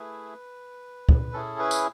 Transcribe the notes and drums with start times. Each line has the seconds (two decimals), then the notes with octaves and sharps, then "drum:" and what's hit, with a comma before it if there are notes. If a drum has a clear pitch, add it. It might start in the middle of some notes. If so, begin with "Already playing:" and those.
Already playing: A3 E4 G#4 B4
1.09 drum: kick
1.33 C#4 E4 G#4 A4
1.59 B4
1.71 drum: tambourine